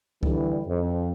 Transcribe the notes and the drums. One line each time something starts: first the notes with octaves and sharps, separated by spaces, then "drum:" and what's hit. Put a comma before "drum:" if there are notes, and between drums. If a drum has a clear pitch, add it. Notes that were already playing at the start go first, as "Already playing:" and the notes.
D3 E3 G3, drum: kick C#2
F2